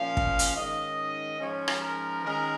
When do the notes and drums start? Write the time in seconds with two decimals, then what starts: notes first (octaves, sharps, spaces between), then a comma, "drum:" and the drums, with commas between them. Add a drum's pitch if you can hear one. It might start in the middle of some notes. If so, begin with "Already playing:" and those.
Already playing: A#2 F3 C#4 F5
0.17 drum: kick
0.39 drum: hi-hat
0.55 G#2 D#3 C#4 D#5
1.39 G#2 F3 C#4 C#5
1.68 drum: rim click
1.81 A#4
2.23 D#3 G#3 C#4 A#4